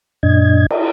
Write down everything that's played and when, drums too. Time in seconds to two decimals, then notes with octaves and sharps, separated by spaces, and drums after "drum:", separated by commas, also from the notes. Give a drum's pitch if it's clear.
0.23 F#2 A#2 D4 D#5 G#6
0.70 drum: cymbal